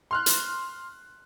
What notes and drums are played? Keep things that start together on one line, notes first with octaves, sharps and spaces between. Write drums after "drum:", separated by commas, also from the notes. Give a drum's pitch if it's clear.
C6 F6 F#6
drum: hi-hat